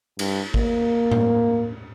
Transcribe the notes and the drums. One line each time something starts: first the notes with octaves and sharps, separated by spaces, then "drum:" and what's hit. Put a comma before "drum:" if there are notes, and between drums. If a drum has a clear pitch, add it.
G2, drum: cymbal
A#3, drum: kick G#1
drum: tom A2